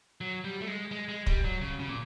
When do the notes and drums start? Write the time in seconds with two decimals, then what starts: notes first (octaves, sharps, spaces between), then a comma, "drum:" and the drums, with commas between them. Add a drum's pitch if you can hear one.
0.21 F#3
0.44 G3
0.61 A3
0.68 G#3
0.91 G#3
1.09 G#3
1.26 G3, drum: kick
1.44 F#3
1.61 C#3
1.80 C#3
1.89 A#2